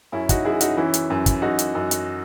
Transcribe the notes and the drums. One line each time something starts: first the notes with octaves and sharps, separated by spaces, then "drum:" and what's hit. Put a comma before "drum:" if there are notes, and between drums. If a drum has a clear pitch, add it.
F#2 C#4 E4
D#4 F#4, drum: kick, hi-hat
F#2 E4 G#4
D#4 F#4, drum: hi-hat
E3 C#4 E4
drum: hi-hat
F#2
drum: kick, hi-hat
F#2 D#4 F#4
drum: hi-hat
F#2
drum: hi-hat